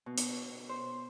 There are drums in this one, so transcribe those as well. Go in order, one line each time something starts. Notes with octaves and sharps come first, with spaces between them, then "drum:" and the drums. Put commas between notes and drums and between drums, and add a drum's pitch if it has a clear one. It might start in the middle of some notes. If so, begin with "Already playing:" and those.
B2
drum: hi-hat
C5